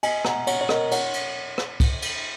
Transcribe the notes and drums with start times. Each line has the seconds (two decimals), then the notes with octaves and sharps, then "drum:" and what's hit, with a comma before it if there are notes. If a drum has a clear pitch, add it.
0.03 D#5 G#5, drum: cymbal
0.25 F#5 A#5, drum: rim click
0.47 C#5 F#5, drum: cymbal
0.61 C#5
0.69 A#4 D#5, drum: rim click
0.91 C#5 F#5, drum: cymbal
1.14 drum: cymbal
1.58 drum: rim click
1.80 drum: kick C2, cymbal
2.02 drum: cymbal